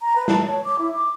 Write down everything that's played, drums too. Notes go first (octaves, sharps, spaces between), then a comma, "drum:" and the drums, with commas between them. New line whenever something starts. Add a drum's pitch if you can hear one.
A#5
B4
A5, drum: snare
C#5
D6
E4
D6